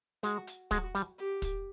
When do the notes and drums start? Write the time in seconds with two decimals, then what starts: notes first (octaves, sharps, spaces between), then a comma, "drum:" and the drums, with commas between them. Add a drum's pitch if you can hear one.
0.23 G#3 F#4, drum: hi-hat
0.47 drum: hi-hat
0.71 G#3 F#4, drum: kick, hi-hat
0.95 G3, drum: hi-hat
1.18 G4
1.42 drum: kick, hi-hat